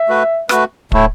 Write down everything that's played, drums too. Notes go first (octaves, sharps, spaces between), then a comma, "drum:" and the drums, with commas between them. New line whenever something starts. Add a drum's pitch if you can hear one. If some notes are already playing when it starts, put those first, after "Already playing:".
Already playing: E5
A3 F#4 B4
A3 F#4 B4, drum: rim click
A2 A3 E4, drum: kick